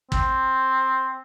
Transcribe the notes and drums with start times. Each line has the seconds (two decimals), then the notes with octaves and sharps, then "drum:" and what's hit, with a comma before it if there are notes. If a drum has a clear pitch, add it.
0.12 C4, drum: kick